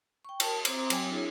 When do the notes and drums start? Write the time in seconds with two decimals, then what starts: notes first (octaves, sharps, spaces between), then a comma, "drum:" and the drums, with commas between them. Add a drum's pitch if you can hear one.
0.25 G5 C#6
0.40 A#4 A5, drum: cymbal
0.65 C4 C5 A#5 C6 D6, drum: cymbal
0.90 F#3 C4 C#5 G5 G#5 D6, drum: cymbal
1.10 D4 E4 G#4 C#5